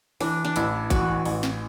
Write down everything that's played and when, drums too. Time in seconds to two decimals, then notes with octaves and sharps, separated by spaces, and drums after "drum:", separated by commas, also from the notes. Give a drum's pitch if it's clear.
0.20 E3 D4, drum: open hi-hat
0.45 D4
0.56 A1 E4, drum: hi-hat
0.90 E3 F#4, drum: kick A1, hi-hat
1.25 A1, drum: open hi-hat
1.43 drum: snare